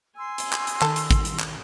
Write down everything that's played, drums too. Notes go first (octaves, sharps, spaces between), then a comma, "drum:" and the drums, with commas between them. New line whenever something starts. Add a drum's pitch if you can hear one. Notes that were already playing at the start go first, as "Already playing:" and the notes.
G#5 C6 E6
drum: hi-hat
drum: clap
drum: hi-hat
D#3 A4, drum: clap
drum: hi-hat
drum: kick, hi-hat
drum: hi-hat
drum: clap